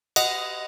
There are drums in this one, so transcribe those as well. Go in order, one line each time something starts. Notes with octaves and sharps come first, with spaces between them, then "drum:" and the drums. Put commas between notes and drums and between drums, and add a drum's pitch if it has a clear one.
D#5 F#5, drum: cymbal